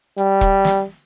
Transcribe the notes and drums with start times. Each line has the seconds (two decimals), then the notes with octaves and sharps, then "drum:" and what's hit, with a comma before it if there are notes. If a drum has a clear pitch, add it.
0.18 G3, drum: hi-hat
0.41 drum: kick E1
0.65 drum: snare